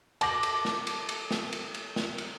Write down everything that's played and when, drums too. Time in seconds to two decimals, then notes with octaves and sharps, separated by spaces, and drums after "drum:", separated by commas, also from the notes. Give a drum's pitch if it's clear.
0.21 A5 D6 A#6 F#7, drum: cymbal
0.43 drum: cymbal
0.65 drum: snare
0.87 drum: cymbal
1.09 drum: cymbal
1.31 drum: snare
1.53 drum: cymbal
1.74 drum: cymbal
1.96 drum: snare
2.18 drum: cymbal